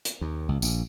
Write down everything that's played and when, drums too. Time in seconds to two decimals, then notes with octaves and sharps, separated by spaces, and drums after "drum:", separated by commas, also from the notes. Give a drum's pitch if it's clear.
0.05 drum: hi-hat
0.21 D#2
0.49 C#2
0.62 A#1, drum: tambourine